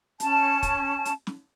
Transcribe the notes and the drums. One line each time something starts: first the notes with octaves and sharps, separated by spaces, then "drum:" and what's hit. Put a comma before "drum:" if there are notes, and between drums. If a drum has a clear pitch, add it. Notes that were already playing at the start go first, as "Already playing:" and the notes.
C#4 A5, drum: hi-hat
drum: kick, hi-hat
drum: hi-hat
drum: snare